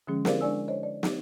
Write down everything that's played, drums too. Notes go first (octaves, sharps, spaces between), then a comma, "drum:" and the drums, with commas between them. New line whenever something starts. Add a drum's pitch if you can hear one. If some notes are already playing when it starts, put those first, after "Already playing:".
D3 F3 G#3 C#4 G#4
E4 G#4 A#4 C5 D5 F5, drum: snare
G#3 D4 D5 G#5 E6
C5 C#5 D#5
D5
D#4, drum: snare